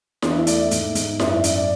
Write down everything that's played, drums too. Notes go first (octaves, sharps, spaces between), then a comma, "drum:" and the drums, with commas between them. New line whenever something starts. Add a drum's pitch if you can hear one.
E2 D4, drum: snare E4
E4
A3 D5, drum: hi-hat
E5
G#2, drum: hi-hat
G#2, drum: hi-hat
F#2 E5, drum: snare E4
D5
F#2 E5, drum: hi-hat
D5